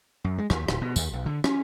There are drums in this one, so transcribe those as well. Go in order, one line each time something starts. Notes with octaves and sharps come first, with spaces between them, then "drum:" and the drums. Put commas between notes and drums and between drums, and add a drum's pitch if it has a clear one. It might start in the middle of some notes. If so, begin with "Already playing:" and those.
F#2
G#3
D#2, drum: rim click
D1, drum: rim click
B2
D#2, drum: tambourine
B1
D3
C#4, drum: rim click